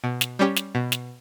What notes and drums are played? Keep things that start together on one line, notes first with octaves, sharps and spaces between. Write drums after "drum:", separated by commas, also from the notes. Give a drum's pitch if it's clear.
B2
drum: snare
G3 C#4 G4
drum: snare
B2
drum: snare